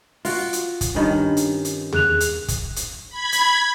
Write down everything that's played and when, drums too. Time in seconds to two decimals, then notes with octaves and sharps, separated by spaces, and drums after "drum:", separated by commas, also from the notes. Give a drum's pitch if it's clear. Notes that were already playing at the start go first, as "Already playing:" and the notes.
0.25 F4 F#4, drum: open hi-hat
0.53 drum: hi-hat
0.81 drum: kick, hi-hat
0.95 G2 D#3 C#4
1.37 drum: hi-hat
1.65 drum: hi-hat
1.93 G#4 F#6 F7, drum: tom D#2
2.20 drum: hi-hat
2.48 drum: kick, hi-hat
2.76 drum: hi-hat
3.09 B5 G#6
3.32 drum: hi-hat